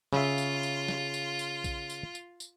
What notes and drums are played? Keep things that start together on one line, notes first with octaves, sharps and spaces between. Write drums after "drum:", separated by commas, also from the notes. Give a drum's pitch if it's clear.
C#3 F4 E5, drum: snare
drum: tambourine
drum: tambourine
drum: snare
drum: tambourine
drum: tambourine
drum: kick, tambourine
drum: tambourine
drum: tambourine
drum: tambourine